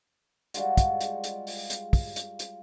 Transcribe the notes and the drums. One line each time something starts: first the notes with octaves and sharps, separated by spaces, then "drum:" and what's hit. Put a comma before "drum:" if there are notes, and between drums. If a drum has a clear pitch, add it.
G3 G#3 F4 F#4, drum: hi-hat
drum: kick, hi-hat
drum: hi-hat
drum: hi-hat
drum: open hi-hat
drum: hi-hat
drum: kick, open hi-hat
drum: hi-hat
drum: hi-hat